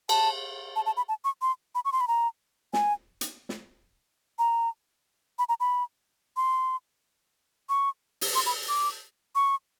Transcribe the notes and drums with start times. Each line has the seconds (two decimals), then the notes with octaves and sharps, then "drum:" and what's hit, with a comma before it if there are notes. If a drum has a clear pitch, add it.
0.09 A5, drum: cymbal
0.76 A5
0.86 A5
0.97 B5
1.09 A5
1.24 C#6
1.42 C6
1.75 B5
1.85 C#6
1.92 C6
2.01 B5
2.08 A#5
2.73 G#5, drum: snare
3.21 drum: hi-hat
3.49 drum: snare
4.39 A#5
5.39 B5
5.49 A#5
5.60 B5
6.37 C6
7.69 C#6
8.21 drum: open hi-hat
8.35 C6
8.46 B5
8.69 D6
9.35 C#6